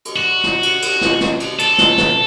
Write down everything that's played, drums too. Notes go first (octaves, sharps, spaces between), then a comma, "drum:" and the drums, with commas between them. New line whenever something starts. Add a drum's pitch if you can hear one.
drum: cymbal
F#4
drum: snare
drum: cymbal
drum: cymbal
drum: snare
drum: snare
drum: cymbal
A4, drum: cymbal
drum: snare
drum: snare